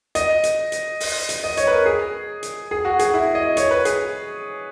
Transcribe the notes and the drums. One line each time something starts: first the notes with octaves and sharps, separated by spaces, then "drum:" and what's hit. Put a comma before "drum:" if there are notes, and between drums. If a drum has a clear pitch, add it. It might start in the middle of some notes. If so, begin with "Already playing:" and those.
D#5, drum: hi-hat
drum: hi-hat
drum: hi-hat
drum: open hi-hat
drum: hi-hat
D#5
C#5, drum: hi-hat
B4
A#4
G#4
drum: hi-hat
G#4
F#4
G#4, drum: hi-hat
E4
D#5
C#5, drum: hi-hat
B4
G#4, drum: hi-hat